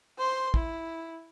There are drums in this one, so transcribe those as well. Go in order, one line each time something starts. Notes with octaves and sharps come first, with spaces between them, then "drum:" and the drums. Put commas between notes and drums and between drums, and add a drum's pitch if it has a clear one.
C5 C6
E4, drum: kick